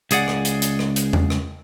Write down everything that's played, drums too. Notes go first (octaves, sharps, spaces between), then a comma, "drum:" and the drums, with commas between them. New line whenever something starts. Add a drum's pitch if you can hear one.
C#2 G#4 D5 F#5, drum: hi-hat
drum: rim click
drum: hi-hat
drum: hi-hat
drum: rim click
drum: hi-hat
drum: tom E2
drum: rim click